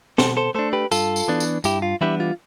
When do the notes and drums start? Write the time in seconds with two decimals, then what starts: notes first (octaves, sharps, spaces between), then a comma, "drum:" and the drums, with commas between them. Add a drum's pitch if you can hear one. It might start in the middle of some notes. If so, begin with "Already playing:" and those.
0.18 B2 A4 C5, drum: snare
0.37 A4 C5
0.55 A3 D4 A4 C5
0.73 G4 B4
0.92 G2 F4 A4, drum: tambourine
1.16 drum: tambourine
1.28 E3 B3 D4
1.40 drum: tambourine
1.64 G2 E4 G4, drum: tambourine
1.82 F4
2.01 E3 G3 B3 D4 E4 G4
2.20 F4